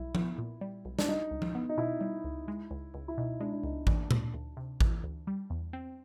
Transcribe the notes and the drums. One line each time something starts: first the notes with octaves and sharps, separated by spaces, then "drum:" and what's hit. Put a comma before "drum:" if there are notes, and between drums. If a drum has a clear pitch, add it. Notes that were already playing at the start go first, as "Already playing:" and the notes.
Already playing: B1 G3 E4
B3, drum: tom F3
A#2
G3
B1
D4, drum: snare
G3 D#4
C#2
drum: tom F3
B3
D#4
B2 E4
G3
C#2
G#3
C#2
C#2
E4
B2 D#4
G#3 D4
D4
C#2 D#4
E3 D4, drum: kick A1
D2, drum: tom A#2
D2
C3
E3, drum: kick A1
D2
G3
E2
C4